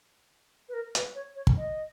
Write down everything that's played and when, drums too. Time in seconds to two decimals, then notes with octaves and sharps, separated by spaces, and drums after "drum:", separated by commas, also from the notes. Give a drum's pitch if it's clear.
0.69 B4
0.74 A#4
0.95 B4, drum: hi-hat
1.15 C#5
1.36 C#5
1.47 drum: kick
1.57 D#5